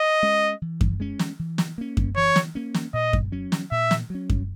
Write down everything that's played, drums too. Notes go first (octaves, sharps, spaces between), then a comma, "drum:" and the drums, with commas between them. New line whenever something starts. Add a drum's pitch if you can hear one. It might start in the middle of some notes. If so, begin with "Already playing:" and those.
Already playing: D#5
G#3 C#4
E3
drum: kick F#2
G#3 C#4
drum: snare
E3
drum: snare
A#3 C#4
drum: kick F#2
E3 C#5
drum: snare
A#3 C#4
drum: snare
A#2 D#5
drum: kick F#2
F#3 C#4
drum: snare
A#2 E5
drum: snare
F#3 C#4
drum: kick F#2